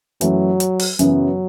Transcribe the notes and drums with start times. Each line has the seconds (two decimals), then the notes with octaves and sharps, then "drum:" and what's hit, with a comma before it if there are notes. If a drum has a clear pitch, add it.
0.21 F#2 E3 F#3 A3, drum: hi-hat
0.60 drum: hi-hat
0.79 drum: open hi-hat
0.99 F#2 C#3 E3 F#3 B3, drum: hi-hat